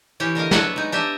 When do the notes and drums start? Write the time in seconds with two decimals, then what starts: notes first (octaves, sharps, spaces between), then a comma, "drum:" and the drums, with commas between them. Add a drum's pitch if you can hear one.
0.20 E3 C#4 G4
0.35 D3 A#4 D#5 F5
0.51 B3 D4 B4 C#5 E5 F#5, drum: snare
0.76 G#3 D#4
0.92 D4 G4 D#5 E5